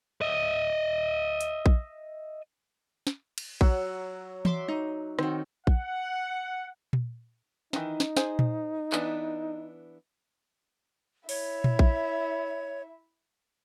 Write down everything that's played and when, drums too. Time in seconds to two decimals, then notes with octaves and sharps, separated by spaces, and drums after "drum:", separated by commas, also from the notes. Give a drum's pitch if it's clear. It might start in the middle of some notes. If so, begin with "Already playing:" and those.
0.21 D#5 E5
1.41 drum: hi-hat
1.66 drum: kick A#1
3.07 drum: snare
3.38 drum: cymbal
3.61 F#3 F#5 E6, drum: kick A#1
4.45 E5 C6 D6, drum: tom E3
4.68 D#4
5.19 D#3 C4 F#4, drum: rim click
5.67 F#5, drum: kick A#1
6.93 drum: tom A#2
7.73 D#3 E3 D#4, drum: snare
8.00 drum: snare
8.17 G#4 C5 G#5, drum: snare
8.39 drum: tom A#2
8.92 E3 B3 D4, drum: clap
11.29 E4 C#5 E5, drum: open hi-hat
11.64 drum: tom A#2
11.79 drum: kick A#1